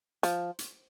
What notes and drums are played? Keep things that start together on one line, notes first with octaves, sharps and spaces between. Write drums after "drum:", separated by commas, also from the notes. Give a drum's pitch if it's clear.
F3, drum: hi-hat
drum: hi-hat